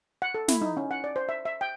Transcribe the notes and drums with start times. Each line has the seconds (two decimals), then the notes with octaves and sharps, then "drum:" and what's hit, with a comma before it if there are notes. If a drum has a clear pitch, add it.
0.22 F#5
0.34 A4
0.48 E4, drum: snare
0.61 D#4
0.77 C#4
0.91 F#5
1.04 D5
1.16 C5
1.29 E5
1.45 E5
1.61 G5